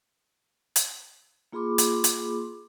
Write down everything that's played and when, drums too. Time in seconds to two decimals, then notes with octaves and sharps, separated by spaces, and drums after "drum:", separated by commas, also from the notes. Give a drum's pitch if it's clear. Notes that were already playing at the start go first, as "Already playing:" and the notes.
0.76 drum: hi-hat
1.53 A#3 F4 G#4 B5 C6 D6
1.78 drum: hi-hat
2.04 drum: hi-hat